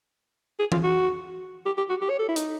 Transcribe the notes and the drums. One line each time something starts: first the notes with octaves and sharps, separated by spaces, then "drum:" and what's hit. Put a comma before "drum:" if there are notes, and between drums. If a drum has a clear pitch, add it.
G#4
F4, drum: tom E3
F#4
G4
G4
F#4
G4
C#5
A4
E4
D#4, drum: hi-hat